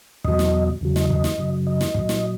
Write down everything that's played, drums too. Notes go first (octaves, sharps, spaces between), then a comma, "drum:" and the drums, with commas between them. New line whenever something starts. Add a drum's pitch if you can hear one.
E2 B2 F#3 D#5, drum: kick
drum: snare
E2 C#3 F#3
D#5, drum: snare
D#5, drum: kick
drum: snare
F#2 C#3 F#3
D#5
drum: snare
A#2 F#3, drum: kick
drum: snare